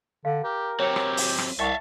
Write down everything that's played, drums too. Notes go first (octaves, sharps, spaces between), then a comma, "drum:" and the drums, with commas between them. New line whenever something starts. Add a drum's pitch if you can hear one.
D3 F5
G4 A#4
F#3 C4 G4 C#5 G5
drum: rim click
drum: open hi-hat
drum: rim click
C2 E5 F5 G5 A5 C#6